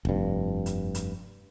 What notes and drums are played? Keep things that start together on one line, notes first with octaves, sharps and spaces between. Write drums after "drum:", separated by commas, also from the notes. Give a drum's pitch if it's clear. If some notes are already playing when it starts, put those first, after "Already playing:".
F1 G2, drum: kick F1
drum: hi-hat
drum: hi-hat